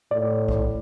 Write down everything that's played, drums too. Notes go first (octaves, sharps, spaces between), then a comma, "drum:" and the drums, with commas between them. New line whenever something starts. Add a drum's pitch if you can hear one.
A2 D5
drum: kick B1